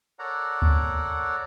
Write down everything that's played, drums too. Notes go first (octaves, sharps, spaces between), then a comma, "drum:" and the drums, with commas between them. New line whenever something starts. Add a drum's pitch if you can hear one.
A4 A#4 C#5 D5 F#5 A#5
drum: kick D2